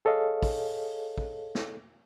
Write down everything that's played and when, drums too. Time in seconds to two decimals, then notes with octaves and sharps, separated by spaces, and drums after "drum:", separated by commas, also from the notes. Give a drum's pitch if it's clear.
0.05 G#4 A4 C#5 D#5 F5
0.43 drum: kick, open hi-hat
1.18 drum: kick
1.55 drum: snare